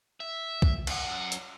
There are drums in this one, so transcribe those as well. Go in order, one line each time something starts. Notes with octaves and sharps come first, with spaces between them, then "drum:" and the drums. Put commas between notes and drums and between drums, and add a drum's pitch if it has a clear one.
E5
drum: kick B1
F#2 F#5, drum: cymbal
drum: hi-hat